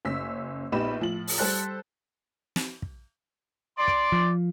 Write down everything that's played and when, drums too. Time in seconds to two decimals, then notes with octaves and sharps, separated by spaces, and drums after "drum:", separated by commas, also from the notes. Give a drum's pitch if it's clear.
0.05 F#1 C#4 E6 B6
0.72 A#1 B3 D#4 G4 B5 E7
0.99 A2 F3 F#7
1.28 drum: open hi-hat
1.38 G3 A4 C5 F#6 A6
2.56 drum: snare
2.82 drum: kick
3.78 D5 C6
3.88 drum: kick
4.12 F3